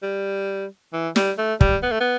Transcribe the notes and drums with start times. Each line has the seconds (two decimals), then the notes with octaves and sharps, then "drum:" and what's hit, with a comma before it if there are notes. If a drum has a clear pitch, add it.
0.03 G3
0.93 E3
1.16 G3, drum: snare
1.38 A3
1.61 G3, drum: kick
1.83 B3
1.92 A3
2.00 B3